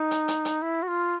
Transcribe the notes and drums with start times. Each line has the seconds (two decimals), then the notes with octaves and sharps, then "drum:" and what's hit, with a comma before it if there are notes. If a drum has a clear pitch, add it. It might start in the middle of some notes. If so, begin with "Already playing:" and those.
Already playing: D#4
0.11 drum: hi-hat
0.28 drum: hi-hat
0.45 drum: hi-hat
0.62 E4
0.82 F#4
0.87 F4